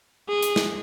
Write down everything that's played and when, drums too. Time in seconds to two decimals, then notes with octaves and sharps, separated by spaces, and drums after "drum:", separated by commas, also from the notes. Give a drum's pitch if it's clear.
0.28 G#4
0.42 drum: hi-hat
0.56 drum: snare